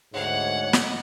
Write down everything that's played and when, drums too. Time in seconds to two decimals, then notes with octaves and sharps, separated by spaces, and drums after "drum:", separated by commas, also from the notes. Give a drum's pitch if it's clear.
0.14 D2 G#2 C#5 F#5
0.73 drum: snare